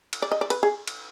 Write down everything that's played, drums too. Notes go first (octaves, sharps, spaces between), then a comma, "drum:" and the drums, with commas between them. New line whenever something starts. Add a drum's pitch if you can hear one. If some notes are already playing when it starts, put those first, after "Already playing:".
drum: cymbal
D5
D#5
D5
B4, drum: cymbal
G#4
drum: cymbal